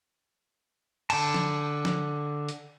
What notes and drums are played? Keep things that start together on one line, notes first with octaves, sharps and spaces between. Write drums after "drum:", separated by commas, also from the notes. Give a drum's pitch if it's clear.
D3 A5, drum: cymbal
drum: snare
drum: snare
drum: hi-hat